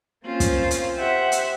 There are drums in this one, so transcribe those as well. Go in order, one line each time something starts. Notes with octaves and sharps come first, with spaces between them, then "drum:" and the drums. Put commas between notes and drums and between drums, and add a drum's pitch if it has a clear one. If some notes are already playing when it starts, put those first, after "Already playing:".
A#3 C4 C#4 F4 C5
drum: kick, hi-hat
drum: hi-hat
G4 C5 E5 F#5
drum: hi-hat